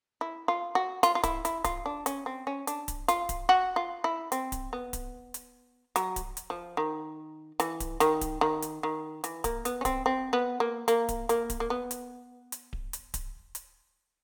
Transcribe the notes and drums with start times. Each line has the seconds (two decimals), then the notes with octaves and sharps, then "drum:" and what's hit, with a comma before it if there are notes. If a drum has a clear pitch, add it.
0.21 E4
0.48 F4
0.75 F#4
1.03 F4, drum: hi-hat
1.15 F4
1.24 E4, drum: kick D1, hi-hat
1.45 E4, drum: hi-hat
1.64 F4, drum: kick D1, hi-hat
1.86 D4
2.06 C#4, drum: hi-hat
2.26 C4
2.47 C#4
2.67 D4, drum: hi-hat
2.88 drum: kick D1, hi-hat
3.08 F4, drum: hi-hat
3.29 drum: kick D1, hi-hat
3.49 F#4
3.76 F4
4.04 E4
4.32 C4, drum: hi-hat
4.52 drum: kick D1, hi-hat
4.73 B3
4.93 drum: kick D1, hi-hat
5.34 drum: hi-hat
5.96 F#3, drum: hi-hat
6.16 drum: kick D1, hi-hat
6.37 drum: hi-hat
6.50 F3
6.77 D#3
7.60 E3, drum: hi-hat
7.80 drum: kick D1, hi-hat
8.00 D#3, drum: hi-hat
8.21 drum: kick D1, hi-hat
8.41 D#3
8.62 drum: hi-hat
8.83 D#3
9.24 E3, drum: hi-hat
9.44 A#3, drum: kick D1, hi-hat
9.65 B3, drum: hi-hat
9.81 C#4
9.85 C4, drum: kick D1, hi-hat
10.06 C4
10.33 B3
10.60 A#3
10.88 A#3, drum: hi-hat
11.09 drum: kick D1, hi-hat
11.29 A#3, drum: hi-hat
11.50 drum: kick D1, hi-hat
11.60 A#3
11.70 B3
11.91 drum: hi-hat
12.52 drum: hi-hat
12.73 drum: kick D1
12.93 drum: hi-hat
13.14 drum: kick D1, hi-hat
13.55 drum: hi-hat